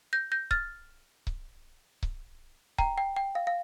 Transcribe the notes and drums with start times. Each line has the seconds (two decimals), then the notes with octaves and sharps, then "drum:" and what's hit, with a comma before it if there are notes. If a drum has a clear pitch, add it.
0.13 G6 A#6
0.32 G6 A#6
0.51 F6 A6, drum: kick C#1
1.27 drum: kick C#1
2.03 drum: kick C#1
2.78 G5 A#5, drum: kick C#1
2.98 G5
3.16 G5
3.35 F5
3.47 F5